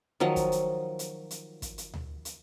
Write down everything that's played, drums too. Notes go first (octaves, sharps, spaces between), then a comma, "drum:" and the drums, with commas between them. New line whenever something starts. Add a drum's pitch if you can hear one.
D#3 F3 F#3 D#5
drum: kick, hi-hat
drum: hi-hat
drum: hi-hat
drum: hi-hat
drum: kick, hi-hat
drum: hi-hat
drum: tom D2
drum: hi-hat